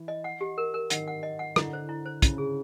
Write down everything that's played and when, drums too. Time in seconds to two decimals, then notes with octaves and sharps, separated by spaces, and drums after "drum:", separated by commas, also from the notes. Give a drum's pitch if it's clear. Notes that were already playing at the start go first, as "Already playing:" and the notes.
Already playing: E3
0.08 D#5
0.24 F#5
0.41 G4
0.58 A#4
0.74 A#4
0.90 D#3 F#5, drum: hi-hat
1.08 F#5
1.23 D#5
1.39 F#5
1.56 D3 E4, drum: rim click
1.73 C5
1.89 E4
2.06 C5
2.22 C#3 E4, drum: kick, hi-hat
2.38 G#4